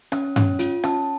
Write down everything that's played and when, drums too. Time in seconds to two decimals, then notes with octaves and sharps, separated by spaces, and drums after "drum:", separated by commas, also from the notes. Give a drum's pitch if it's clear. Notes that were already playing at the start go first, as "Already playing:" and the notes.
0.12 C#4, drum: rim click
0.36 C#4, drum: tom G2
0.59 F4, drum: hi-hat
0.84 C#4 A5, drum: rim click